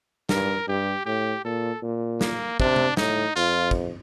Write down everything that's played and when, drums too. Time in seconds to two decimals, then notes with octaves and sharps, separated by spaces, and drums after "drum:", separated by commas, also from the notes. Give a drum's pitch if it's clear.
0.29 G2 A#4, drum: snare
0.68 G2 G4
1.05 A2 G4
1.45 A#2 A4
1.83 A#2
2.21 A#3, drum: snare
2.60 C3 D4, drum: kick
2.76 drum: tom C3
2.97 A2 D#4, drum: snare
3.36 F2 F4
3.71 drum: kick